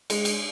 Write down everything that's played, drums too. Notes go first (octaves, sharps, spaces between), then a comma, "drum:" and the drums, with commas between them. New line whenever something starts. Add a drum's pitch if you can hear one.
G#3, drum: cymbal
drum: cymbal